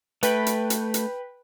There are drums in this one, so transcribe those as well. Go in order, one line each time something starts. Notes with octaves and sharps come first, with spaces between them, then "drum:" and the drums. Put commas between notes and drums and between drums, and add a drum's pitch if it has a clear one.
A3 B4 G5 B5, drum: hi-hat
drum: hi-hat
drum: hi-hat
drum: hi-hat